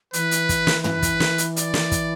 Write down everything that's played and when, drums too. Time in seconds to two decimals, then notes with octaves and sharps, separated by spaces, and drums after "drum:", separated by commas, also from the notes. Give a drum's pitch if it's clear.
0.13 E3 B4, drum: hi-hat
0.31 drum: hi-hat
0.49 drum: kick, hi-hat
0.67 drum: snare
0.84 B4, drum: tom
1.02 drum: kick, hi-hat
1.20 drum: snare
1.38 drum: hi-hat
1.56 D5, drum: hi-hat
1.74 drum: snare
1.91 drum: kick, hi-hat